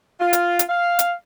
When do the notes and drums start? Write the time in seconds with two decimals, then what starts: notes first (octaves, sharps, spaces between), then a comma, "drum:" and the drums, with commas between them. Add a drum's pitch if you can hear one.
0.20 F4
0.33 drum: hi-hat
0.59 drum: hi-hat
0.69 F5
0.99 drum: hi-hat